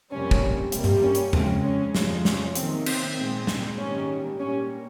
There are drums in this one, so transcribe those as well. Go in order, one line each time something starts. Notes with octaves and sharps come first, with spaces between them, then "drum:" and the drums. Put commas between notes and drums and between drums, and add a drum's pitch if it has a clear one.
F2 C3 G3 A#3 C#4
drum: kick
C3 G3 A#3, drum: hi-hat
drum: tom G2
C#4
drum: hi-hat
F2 C#3 G#3 C4, drum: tom E2
C#4
F2 C3 F3 G#3, drum: snare
C#4, drum: snare
C3 D#3 A#3 C4, drum: hi-hat
C4, drum: cymbal
A#2 G#3 C4
C4, drum: snare
G#2 D#3 G3 A#3 C#4
A#2 G3 A#3 C#4